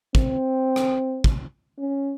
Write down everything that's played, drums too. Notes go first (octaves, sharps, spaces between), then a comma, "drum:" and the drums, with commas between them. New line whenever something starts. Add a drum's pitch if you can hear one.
C4, drum: kick
drum: rim click
drum: kick
C#4